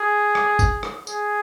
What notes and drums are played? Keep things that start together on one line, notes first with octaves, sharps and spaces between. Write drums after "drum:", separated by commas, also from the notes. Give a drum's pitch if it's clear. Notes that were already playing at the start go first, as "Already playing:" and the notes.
Already playing: G#4
drum: rim click
drum: kick G1, tambourine
drum: rim click
G#4, drum: tambourine